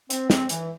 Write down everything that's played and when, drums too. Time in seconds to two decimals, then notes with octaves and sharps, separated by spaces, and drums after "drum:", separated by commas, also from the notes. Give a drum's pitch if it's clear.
0.10 C4, drum: hi-hat
0.30 C4, drum: snare
0.49 E3, drum: hi-hat